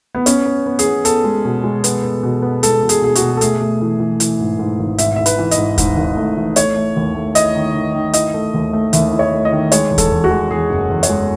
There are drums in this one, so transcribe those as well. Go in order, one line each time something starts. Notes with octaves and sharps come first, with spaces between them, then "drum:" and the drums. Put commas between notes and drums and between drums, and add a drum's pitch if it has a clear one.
B3
B3 C#4, drum: hi-hat
B3
B3
G#4, drum: hi-hat
B3
B3 A4, drum: hi-hat
G#3
B2
G#3
B3, drum: hi-hat
B3
B2
B3
G#3 A4, drum: hi-hat
B2
G#4, drum: hi-hat
B2 G#4
F#4, drum: hi-hat
B2
A4
A3 G#4, drum: hi-hat
A3
E3
E3
E3, drum: hi-hat
G#2
G#2
G#1
G#2 E5, drum: hi-hat
E5
G#2
B4, drum: hi-hat
E3
D#5, drum: hi-hat
G#2
G#2, drum: kick D#2, hi-hat
G#1
A3
E3
A3 C#5, drum: hi-hat
A3
D#2
A3
E4 D#5, drum: hi-hat
D#3
D#3
D#3
E4 D#5, drum: hi-hat
A3
D#2
A3
D#2 E5, drum: hi-hat
E4
C#5
A3
D#5
D#3
G#3 C#5, drum: hi-hat
E2
A4, drum: kick D#2, hi-hat
E2
F#4
G#3
E2 G#4
F#1
E2
C#5, drum: hi-hat
G#3